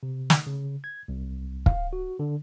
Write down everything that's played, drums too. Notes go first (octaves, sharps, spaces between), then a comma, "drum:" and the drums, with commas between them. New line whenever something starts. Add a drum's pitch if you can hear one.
C3
drum: snare
C#3
G#6
C2
F5, drum: kick
F#4
D3